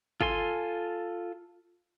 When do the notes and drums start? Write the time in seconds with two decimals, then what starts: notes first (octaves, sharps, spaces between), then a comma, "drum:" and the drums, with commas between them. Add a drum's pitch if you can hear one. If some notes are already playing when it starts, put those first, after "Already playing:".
0.21 F4 A4 G#5 C6, drum: kick